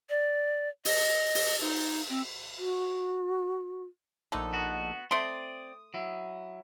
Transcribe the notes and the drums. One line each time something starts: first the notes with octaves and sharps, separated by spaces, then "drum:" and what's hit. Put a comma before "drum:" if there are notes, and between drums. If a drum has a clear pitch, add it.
D5
D#5, drum: open hi-hat
drum: open hi-hat
D#4, drum: cymbal
C4
F#4
A#1 D3 A3 D#4 A4
B3 F#4
A3 C4 D5 C6 D#6
F#3 E4